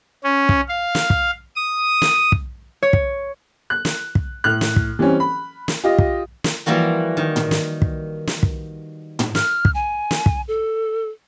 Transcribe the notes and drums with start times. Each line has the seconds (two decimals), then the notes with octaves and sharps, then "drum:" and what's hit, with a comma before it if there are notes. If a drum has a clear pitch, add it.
0.24 C#4
0.49 drum: kick
0.69 F5
0.95 drum: snare
1.10 drum: kick
1.56 D#6
2.02 drum: snare
2.32 drum: kick
2.83 C#5
2.93 drum: kick
3.70 F#6
3.85 drum: snare
4.15 drum: kick
4.44 A2 F6 F#6
4.61 drum: snare
4.76 drum: kick
4.99 E3 G3 C4 C#4
5.20 B5
5.68 drum: snare
5.84 F4 G4 D#5
5.98 drum: kick
6.44 drum: snare
6.66 E3 F3 G3 A#3 F#4
7.17 D#3
7.36 drum: tom
7.51 drum: snare
7.82 drum: kick
8.27 drum: snare
8.43 drum: kick
9.19 drum: tom
9.35 F6, drum: snare
9.65 drum: kick
9.75 G#5
10.11 drum: snare
10.26 drum: kick
10.48 A4